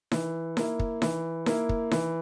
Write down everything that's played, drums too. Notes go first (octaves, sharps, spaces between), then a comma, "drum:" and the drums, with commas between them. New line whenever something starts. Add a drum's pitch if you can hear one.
E3, drum: snare D#4
A#3 E4, drum: snare D#4
drum: kick
E3, drum: snare D#4
A#3 E4, drum: snare D#4
drum: kick
E3, drum: snare D#4